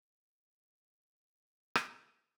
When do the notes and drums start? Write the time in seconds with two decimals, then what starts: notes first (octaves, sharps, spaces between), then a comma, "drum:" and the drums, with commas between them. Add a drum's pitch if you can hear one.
0.14 A#5
1.33 F#4
1.75 drum: rim click